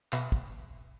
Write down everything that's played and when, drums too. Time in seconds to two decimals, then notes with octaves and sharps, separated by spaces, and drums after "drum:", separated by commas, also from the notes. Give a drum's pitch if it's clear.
0.13 B2 E5 B5, drum: clap
0.32 drum: kick